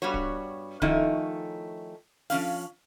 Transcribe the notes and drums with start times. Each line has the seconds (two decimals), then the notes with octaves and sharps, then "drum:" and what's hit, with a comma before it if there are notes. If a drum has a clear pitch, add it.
0.02 G2 G3 B3 F#4 C#5
0.14 drum: kick D1
0.82 D#3 F3 A3 C#4 D#4 E4, drum: kick D1
2.30 F3 C#4 F5, drum: open hi-hat